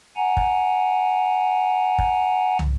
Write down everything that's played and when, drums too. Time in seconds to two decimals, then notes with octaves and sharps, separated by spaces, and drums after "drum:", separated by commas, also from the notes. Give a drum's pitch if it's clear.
0.16 F#5 G#5 A#5
0.37 drum: kick
1.98 drum: kick
2.59 drum: tom